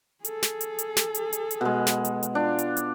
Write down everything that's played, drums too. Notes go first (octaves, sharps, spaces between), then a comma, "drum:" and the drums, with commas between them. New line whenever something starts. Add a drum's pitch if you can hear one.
G#4 A4, drum: hi-hat
drum: snare
drum: hi-hat
drum: hi-hat
drum: snare
drum: hi-hat
drum: hi-hat
drum: hi-hat
B2 G#3
drum: snare
drum: hi-hat
drum: hi-hat
D4 F4
drum: hi-hat
drum: hi-hat